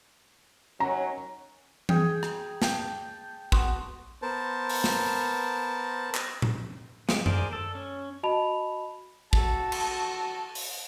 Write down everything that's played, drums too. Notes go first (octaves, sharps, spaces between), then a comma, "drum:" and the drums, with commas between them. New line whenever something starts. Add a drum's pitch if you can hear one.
D#3 F#3 C#4 A#5
G#4 G5, drum: tom E3
drum: rim click
G5 A5, drum: snare
B3 F#4 C6, drum: kick
B3 A#4 C5 A5
drum: open hi-hat
drum: snare
drum: clap
drum: tom A2
F3 G#3 G4, drum: snare
G#4 A#4 C5 D5, drum: tom F#2
A4
C#4
F#4 D#5 A5 B5 F7
F#4 A4, drum: kick
drum: cymbal
drum: open hi-hat